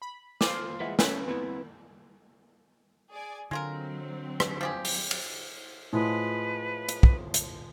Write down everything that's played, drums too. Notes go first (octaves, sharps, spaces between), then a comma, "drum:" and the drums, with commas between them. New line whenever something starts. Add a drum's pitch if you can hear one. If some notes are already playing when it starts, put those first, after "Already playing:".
B5
F4 C5 D6, drum: snare
E3 G#3 B4 E5 F#5
A3 C#4 B4 C#5, drum: snare
B3 C4 E4
G#4 D5 G#5
D3 F#3 G#3 C4 F4 A#4
drum: rim click
F3 G4 G#4
drum: open hi-hat
drum: cymbal
A2 F3 G#3 B4
drum: hi-hat
drum: kick
drum: hi-hat